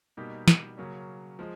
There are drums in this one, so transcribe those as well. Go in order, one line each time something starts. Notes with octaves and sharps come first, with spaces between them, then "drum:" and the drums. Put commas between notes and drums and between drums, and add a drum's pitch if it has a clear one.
B2 G3 A#3 D#4 G4
drum: snare
C#3 F#3 A#3 C#4
F3 G#3